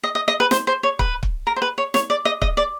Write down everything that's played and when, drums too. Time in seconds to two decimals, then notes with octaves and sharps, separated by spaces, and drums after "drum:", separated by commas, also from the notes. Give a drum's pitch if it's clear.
0.03 D#5
0.15 D#5
0.28 D#5
0.40 B4
0.51 C5, drum: snare
0.67 C5
0.83 C#5
0.99 B4, drum: kick
1.23 drum: kick
1.47 A#4
1.56 C5
1.62 B4
1.78 C#5
1.94 C#5, drum: snare
2.10 D5
2.25 D#5
2.42 D#5, drum: kick
2.57 D5